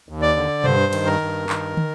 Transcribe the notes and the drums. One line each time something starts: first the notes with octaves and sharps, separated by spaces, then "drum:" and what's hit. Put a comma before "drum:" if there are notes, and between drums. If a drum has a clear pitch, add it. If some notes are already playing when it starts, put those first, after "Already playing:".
D#2
D5
D3
G2 C5, drum: tom B2
D#3, drum: cymbal
A#4
G2
D#3, drum: clap
drum: tom